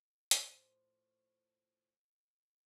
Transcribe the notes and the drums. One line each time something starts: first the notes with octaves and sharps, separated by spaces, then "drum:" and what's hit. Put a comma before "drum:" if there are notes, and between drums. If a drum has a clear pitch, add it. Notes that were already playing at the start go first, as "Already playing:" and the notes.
A2 F3, drum: hi-hat